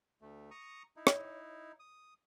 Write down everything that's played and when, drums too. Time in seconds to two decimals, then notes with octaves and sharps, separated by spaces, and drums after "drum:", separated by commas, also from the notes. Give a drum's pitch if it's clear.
0.22 D2 A3
0.51 A#5 C#6 D#6
0.96 D#4 E4
1.07 drum: rim click
1.80 D#6